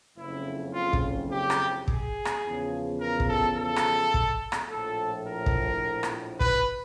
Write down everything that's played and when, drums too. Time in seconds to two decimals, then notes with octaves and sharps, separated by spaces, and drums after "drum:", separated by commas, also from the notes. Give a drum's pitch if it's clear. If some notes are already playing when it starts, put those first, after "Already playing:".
0.17 F#1 F2 C#3 E4
0.74 F4
0.93 drum: kick
1.31 G4
1.50 drum: rim click
1.88 G#4, drum: kick
2.25 drum: rim click
2.45 E2 C#3 F3
3.01 A#4
3.20 drum: kick
3.29 A4
3.57 A4
3.76 drum: rim click
4.14 drum: kick
4.52 drum: rim click
4.71 A#1 A2 F3 A4
5.27 A#4
5.46 drum: kick
6.03 drum: rim click
6.40 B4, drum: kick